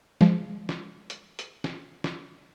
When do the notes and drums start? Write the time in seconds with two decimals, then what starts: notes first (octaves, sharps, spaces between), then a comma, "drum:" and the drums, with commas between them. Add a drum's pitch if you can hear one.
0.21 F3 G#3, drum: snare
0.69 drum: snare
1.10 drum: hi-hat
1.39 drum: hi-hat
1.64 drum: snare
2.04 drum: snare